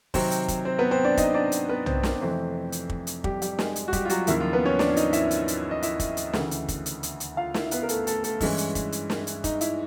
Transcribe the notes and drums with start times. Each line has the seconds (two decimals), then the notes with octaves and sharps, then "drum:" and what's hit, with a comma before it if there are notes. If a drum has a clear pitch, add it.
0.14 C3 D#3 F#3 C4 C5, drum: kick, open hi-hat
0.31 drum: hi-hat
0.48 drum: kick, hi-hat
0.65 C4 C5
0.78 B3 B4
0.91 C4 C5
1.04 D4 D5
1.17 D#4 D#5, drum: kick, hi-hat
1.34 D4 D5
1.52 drum: hi-hat
1.69 B3 B4
1.86 C4 C5, drum: tom
2.03 drum: snare
2.21 F2 C3 E3 A3 C4 C5
2.72 drum: hi-hat
2.90 drum: kick
3.07 drum: hi-hat
3.24 G3 G4, drum: kick
3.42 G3 G4, drum: hi-hat
3.59 G#3 G#4, drum: snare
3.76 drum: hi-hat
3.88 F#4
3.93 G3 G4, drum: kick, hi-hat
4.05 F4
4.09 F#3 F#4, drum: hi-hat
4.27 D#2 C#3 F3 A#3 E4, drum: hi-hat
4.40 F3 F4
4.53 B3 B4
4.65 C#4 C#5
4.79 D4 D5, drum: snare
4.97 D#4 D#5, drum: hi-hat
5.13 E4 E5, drum: hi-hat
5.31 drum: hi-hat
5.48 drum: hi-hat
5.71 D#5
5.83 E4 E5, drum: hi-hat
6.00 drum: kick, hi-hat
6.17 drum: hi-hat
6.33 D2 C#3 E3, drum: snare
6.51 drum: hi-hat
6.68 drum: kick, hi-hat
6.86 drum: hi-hat
7.03 drum: hi-hat
7.20 drum: hi-hat
7.37 F4 F5
7.54 E4 E5, drum: snare
7.71 B3 B4, drum: hi-hat
7.83 A#4
7.89 A3 A4, drum: hi-hat
8.07 A3 A4, drum: hi-hat
8.24 A3 A4, drum: hi-hat
8.41 G2 E3 G#3 C#4 E4, drum: kick, open hi-hat
8.58 drum: hi-hat
8.75 drum: kick, hi-hat
8.92 drum: hi-hat
9.10 drum: snare
9.27 drum: hi-hat
9.44 D#4, drum: kick, hi-hat
9.61 E4, drum: hi-hat